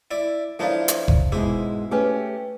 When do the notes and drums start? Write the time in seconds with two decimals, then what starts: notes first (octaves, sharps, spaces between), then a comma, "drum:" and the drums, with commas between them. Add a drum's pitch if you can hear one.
0.11 E4 D5
0.59 F3 D4 E4 F4 A4 A#4 C#5 F5
0.88 drum: hi-hat
1.08 drum: kick F1
1.32 G#2 B2 G#3 E4 G#4
1.91 A3 C#4 G4 G#4 B4